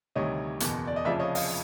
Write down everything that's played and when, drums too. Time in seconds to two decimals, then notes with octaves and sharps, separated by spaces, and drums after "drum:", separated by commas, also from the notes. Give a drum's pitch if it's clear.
0.15 D2 C3 D#3 G3 C#5 D#5
0.60 F#1 E2 B2, drum: hi-hat
0.87 D5
0.96 D#5
1.04 F1 F2 C#3 F3 D5 E5
1.20 C#5 D#5
1.35 D#5 F5, drum: open hi-hat